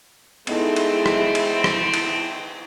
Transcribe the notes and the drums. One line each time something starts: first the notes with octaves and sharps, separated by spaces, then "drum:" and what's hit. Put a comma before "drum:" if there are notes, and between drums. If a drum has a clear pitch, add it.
G#3 A3 B3 C4 D#4 E4 A4, drum: cymbal
drum: cymbal
drum: rim click
drum: cymbal
drum: rim click
drum: cymbal